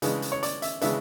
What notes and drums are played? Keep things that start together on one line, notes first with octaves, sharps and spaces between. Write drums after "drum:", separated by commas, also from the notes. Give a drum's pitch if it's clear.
C#3 E3 G#3 B3 D4, drum: hi-hat
drum: hi-hat
C#5
D5, drum: hi-hat
E5, drum: hi-hat
C#3 E3 G#3 B3 D4 E5, drum: hi-hat